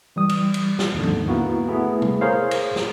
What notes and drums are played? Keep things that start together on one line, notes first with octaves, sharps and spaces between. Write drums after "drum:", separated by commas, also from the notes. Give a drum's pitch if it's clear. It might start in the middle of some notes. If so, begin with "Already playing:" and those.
E3 G3 D#6
drum: cymbal
drum: cymbal
drum: snare
D#2 G#2 D3
drum: tom
A#3 B3 E4 F#4
A3 B3 E4 G#4
drum: tom
G#4 A#4 C5 C#5 F5
drum: cymbal
drum: snare